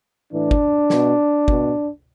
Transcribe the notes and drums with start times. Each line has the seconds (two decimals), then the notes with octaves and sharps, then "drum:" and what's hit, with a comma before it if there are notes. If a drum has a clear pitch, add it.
0.31 A2 E3 D4
0.51 drum: kick
0.90 B2, drum: snare
1.48 B2, drum: kick